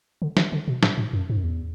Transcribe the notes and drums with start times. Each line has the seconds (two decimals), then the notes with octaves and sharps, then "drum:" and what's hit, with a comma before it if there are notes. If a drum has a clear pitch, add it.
0.22 D3
0.37 E3, drum: snare
0.52 D3
0.68 B2
0.83 A2, drum: snare
0.98 A2
1.13 F#2
1.30 G#2
1.37 F#2
1.44 E2